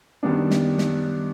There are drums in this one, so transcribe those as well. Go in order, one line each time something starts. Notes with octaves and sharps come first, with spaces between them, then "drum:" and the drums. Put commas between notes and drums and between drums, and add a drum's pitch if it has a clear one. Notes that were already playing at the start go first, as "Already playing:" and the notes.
F#2 D#3 G3 B3 D4
drum: snare
drum: snare